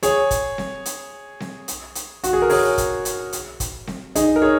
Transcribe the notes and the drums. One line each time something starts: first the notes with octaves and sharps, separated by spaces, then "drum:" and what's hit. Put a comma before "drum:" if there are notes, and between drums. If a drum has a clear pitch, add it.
G#4 C#5, drum: hi-hat
drum: kick, hi-hat
drum: snare C4
drum: hi-hat
drum: snare C4
drum: hi-hat
drum: hi-hat
F#4, drum: hi-hat
G#4
A#4
G#4 C#5, drum: open hi-hat
drum: kick, hi-hat
drum: hi-hat
drum: hi-hat
drum: kick, hi-hat
drum: snare C4
D#4 G#4, drum: hi-hat
A#4
G#4 C#5